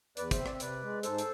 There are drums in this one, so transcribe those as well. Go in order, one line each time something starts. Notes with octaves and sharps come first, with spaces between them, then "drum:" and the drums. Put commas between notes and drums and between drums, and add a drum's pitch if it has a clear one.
E2 B4 D5, drum: hi-hat
C5 E5, drum: kick, hi-hat
C4
D5, drum: rim click
E5
C3 B4 D5, drum: hi-hat
G#3
G#2 A4 C5, drum: hi-hat
drum: hi-hat